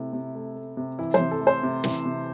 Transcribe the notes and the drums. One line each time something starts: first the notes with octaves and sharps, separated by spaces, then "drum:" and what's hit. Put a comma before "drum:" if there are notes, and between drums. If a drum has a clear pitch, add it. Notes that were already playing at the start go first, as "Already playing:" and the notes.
Already playing: C3 A3 E4
C3
A3
A3
C3
E3 E4
C5, drum: tom E3
C3
A4
A3
C5
C3
E3, drum: snare
C3